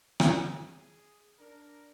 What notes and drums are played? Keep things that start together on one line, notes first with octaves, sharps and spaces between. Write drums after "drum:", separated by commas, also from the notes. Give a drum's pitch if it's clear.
G#4, drum: rim click
D4 A#4